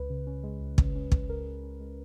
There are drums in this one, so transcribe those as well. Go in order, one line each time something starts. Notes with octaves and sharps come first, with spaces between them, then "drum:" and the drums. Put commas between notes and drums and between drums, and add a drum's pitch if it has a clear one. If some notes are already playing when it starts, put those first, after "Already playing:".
Already playing: C#2 B4
C#3
C#4
G#3
C#2
C#3, drum: kick
C#4
G#3, drum: kick
C#2 A#4
C#3
C#4
G#3